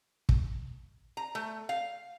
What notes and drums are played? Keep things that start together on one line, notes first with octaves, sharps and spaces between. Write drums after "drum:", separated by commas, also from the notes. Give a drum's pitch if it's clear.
drum: kick
A#5
A3
F5